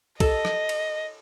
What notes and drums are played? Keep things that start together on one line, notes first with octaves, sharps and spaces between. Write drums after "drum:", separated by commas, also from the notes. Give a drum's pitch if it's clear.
A4 D#5, drum: kick, cymbal
drum: rim click
drum: cymbal